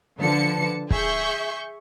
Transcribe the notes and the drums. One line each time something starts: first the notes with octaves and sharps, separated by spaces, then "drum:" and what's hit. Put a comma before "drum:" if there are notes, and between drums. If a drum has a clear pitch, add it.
D3 F3 B4 A5 C#7
G#4 E5 C#6 G6, drum: kick